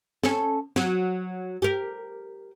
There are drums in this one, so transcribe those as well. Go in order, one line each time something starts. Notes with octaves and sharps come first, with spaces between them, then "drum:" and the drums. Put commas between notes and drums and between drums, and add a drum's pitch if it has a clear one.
C#4 A4, drum: snare
F#3, drum: snare
G4 A#4